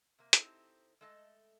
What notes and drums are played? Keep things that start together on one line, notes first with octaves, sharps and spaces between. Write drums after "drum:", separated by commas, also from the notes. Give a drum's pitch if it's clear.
C3 A#3
C4 D#4 E4 G4 A4 C5, drum: hi-hat
G#3 A3 A4 D#5